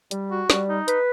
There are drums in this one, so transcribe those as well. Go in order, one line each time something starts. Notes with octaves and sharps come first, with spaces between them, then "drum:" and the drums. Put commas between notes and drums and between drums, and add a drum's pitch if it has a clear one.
G3, drum: hi-hat
F#4
G3, drum: snare
D#4
B4, drum: hi-hat